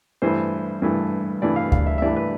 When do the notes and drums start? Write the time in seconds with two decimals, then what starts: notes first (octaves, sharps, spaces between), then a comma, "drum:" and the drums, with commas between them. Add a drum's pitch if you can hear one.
0.22 G2 E3 A3 C5
0.82 G2 E3 A3
1.42 G2 E3 A3 D5
1.56 F5
1.72 F5, drum: kick D2
1.86 E5
1.98 E5
2.02 G2 E3 A3 D5
2.16 B4